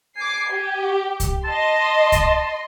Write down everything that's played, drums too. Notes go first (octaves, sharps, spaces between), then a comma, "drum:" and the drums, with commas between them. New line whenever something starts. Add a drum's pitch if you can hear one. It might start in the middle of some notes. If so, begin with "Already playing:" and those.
G#5 D6 C7
G4
drum: kick C2, hi-hat
D#5 A5 C6
drum: kick C2, hi-hat